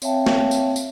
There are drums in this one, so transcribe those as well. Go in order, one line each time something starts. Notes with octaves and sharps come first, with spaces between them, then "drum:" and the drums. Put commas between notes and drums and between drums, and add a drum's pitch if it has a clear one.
C4 C#5 E5 F5 G5 A5, drum: tambourine
drum: snare
drum: tambourine
drum: tambourine